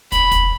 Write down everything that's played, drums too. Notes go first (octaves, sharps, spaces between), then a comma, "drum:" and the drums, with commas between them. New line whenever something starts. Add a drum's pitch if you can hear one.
B5, drum: kick, hi-hat
drum: kick, hi-hat